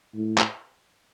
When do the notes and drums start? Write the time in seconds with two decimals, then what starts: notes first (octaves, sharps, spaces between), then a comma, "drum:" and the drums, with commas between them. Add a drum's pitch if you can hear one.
0.15 A2
0.38 drum: clap